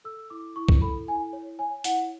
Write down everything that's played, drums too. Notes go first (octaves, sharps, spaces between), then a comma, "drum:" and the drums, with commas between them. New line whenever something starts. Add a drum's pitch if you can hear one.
A4 E6
E4 D6
E4 C#6
drum: kick
A4 B5
E4 G#5
C#5
C#5 G#5
E4 F#5, drum: hi-hat